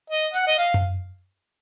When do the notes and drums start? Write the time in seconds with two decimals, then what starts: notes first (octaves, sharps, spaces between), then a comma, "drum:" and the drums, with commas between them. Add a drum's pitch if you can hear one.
0.10 D#5
0.34 F#5, drum: hi-hat
0.47 D#5
0.58 F5, drum: hi-hat
0.74 drum: tom F#2